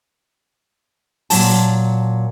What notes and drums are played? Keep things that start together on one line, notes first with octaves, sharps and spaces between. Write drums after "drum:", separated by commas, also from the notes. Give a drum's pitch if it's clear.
A#2 F#3 A5, drum: open hi-hat